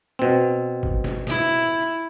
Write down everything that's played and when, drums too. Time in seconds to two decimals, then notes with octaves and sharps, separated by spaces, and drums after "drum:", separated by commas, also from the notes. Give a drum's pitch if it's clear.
0.19 B2 C4
0.83 drum: kick G#1
1.04 drum: snare
1.27 E4, drum: snare